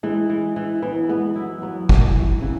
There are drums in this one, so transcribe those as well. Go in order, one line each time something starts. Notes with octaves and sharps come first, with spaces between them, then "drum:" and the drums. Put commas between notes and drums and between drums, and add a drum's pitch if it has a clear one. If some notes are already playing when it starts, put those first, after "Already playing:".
E3 G#3
E3
E3
E3 B3
G#3 B3
F#3 E4
F#3 B3
E3, drum: kick G#1
E3
C#3 E3